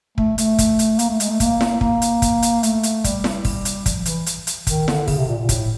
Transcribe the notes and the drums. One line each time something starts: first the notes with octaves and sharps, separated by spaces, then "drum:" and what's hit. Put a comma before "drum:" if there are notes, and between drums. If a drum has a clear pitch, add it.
A3, drum: kick
A3, drum: hi-hat
drum: kick, hi-hat
drum: hi-hat
A#3, drum: hi-hat
A3
G#3, drum: hi-hat
A3
A#3, drum: kick, hi-hat
drum: snare E4
A#3, drum: kick
drum: hi-hat
drum: kick, hi-hat
drum: hi-hat
A3, drum: hi-hat
drum: hi-hat
G3, drum: kick, hi-hat
drum: snare E4
drum: kick, open hi-hat
drum: hi-hat
F3, drum: kick, hi-hat
E3, drum: hi-hat
drum: hi-hat
drum: hi-hat
D#3, drum: kick, hi-hat
D3, drum: snare E4
C#3, drum: kick, open hi-hat
C3
A#2
A#2
A2, drum: kick, hi-hat